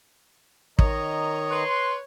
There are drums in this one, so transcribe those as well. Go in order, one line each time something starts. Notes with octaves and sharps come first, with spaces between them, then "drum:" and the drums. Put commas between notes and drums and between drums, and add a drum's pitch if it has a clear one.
D#3 C#5 D#5 A#5, drum: kick
B4 C6